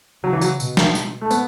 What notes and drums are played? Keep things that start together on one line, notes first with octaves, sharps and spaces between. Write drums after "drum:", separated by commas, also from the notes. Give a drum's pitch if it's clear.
C#3 F#3
E3
F#3, drum: tambourine
B2, drum: tambourine
drum: snare
drum: tambourine
A3
B3, drum: tambourine